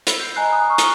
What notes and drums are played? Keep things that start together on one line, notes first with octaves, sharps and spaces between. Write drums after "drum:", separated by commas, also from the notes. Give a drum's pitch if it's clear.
B5 E6, drum: hi-hat
G6 C7
D#5 G#5 A#5 F#6 C7
G#5 A#5 D#6
A#5 C#6 D#6 F6 F#6
drum: hi-hat